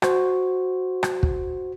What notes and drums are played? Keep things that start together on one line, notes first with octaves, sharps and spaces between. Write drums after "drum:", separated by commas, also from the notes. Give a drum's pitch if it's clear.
F#4 C5, drum: rim click
drum: rim click
drum: kick